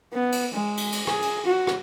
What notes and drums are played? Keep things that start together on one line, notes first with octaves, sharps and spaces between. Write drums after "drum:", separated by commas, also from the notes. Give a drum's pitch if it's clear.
B3
drum: cymbal
G#3
drum: cymbal
drum: cymbal
G#4, drum: rim click
drum: cymbal
F#4
drum: rim click